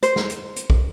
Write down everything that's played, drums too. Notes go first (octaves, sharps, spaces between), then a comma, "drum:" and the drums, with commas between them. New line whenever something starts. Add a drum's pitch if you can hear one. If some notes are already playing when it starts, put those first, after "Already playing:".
C5, drum: hi-hat
drum: snare
drum: hi-hat
drum: hi-hat
drum: kick